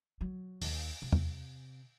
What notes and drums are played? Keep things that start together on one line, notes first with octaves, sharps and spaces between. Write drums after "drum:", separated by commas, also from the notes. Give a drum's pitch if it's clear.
F#3
D#2, drum: open hi-hat
C3
drum: tom E2